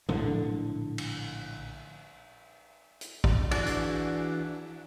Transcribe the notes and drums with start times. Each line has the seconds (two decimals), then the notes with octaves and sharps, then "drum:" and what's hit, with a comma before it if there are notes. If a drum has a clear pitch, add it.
0.09 A#1 A2 D3, drum: tom
0.98 drum: cymbal
3.01 drum: hi-hat
3.24 drum: kick
3.51 E3 D4 F#4 G#4 D5, drum: cymbal
3.66 drum: hi-hat